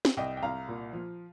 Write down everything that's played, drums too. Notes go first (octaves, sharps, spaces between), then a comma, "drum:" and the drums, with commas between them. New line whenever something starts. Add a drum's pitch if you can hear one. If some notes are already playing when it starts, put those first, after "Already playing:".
drum: snare
C2 D#5 G5
G5
C2 F5 A#5
A#2
F3